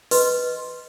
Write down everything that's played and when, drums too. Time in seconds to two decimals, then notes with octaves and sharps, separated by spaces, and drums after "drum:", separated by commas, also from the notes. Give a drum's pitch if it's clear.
0.11 B4 D#5 C6, drum: open hi-hat